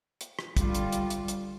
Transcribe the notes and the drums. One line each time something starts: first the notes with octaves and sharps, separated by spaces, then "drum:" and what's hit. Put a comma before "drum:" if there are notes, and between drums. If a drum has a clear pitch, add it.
drum: hi-hat
drum: rim click
D3 G3 F4, drum: kick, hi-hat
drum: hi-hat
drum: hi-hat
drum: hi-hat
drum: hi-hat